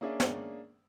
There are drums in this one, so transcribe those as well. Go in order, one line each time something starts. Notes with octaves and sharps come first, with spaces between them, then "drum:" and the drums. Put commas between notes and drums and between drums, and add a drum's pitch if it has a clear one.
A#3 C#4 D4 G#4 D5 E5
drum: snare